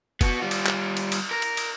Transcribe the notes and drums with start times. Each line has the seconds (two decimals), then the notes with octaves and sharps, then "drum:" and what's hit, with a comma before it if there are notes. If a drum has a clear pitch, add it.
0.21 B3 F#4, drum: kick, cymbal
0.42 G3 F4
0.51 drum: cymbal
0.66 drum: clap
0.97 drum: cymbal
1.12 drum: cymbal
1.31 A#4
1.42 drum: cymbal
1.57 drum: cymbal